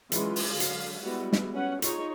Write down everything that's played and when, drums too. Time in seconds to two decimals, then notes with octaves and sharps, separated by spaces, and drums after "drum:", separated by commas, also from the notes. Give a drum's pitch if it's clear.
0.12 E3 F#3 G#3 C#4 F4, drum: hi-hat
0.36 drum: open hi-hat
0.51 D3 F#3 F5
0.60 drum: hi-hat
1.01 G3 G#3 B3 E4 F#4
1.33 drum: snare
1.54 C#4 B4 F#5
1.82 D#4 F4 G#4 C#5, drum: hi-hat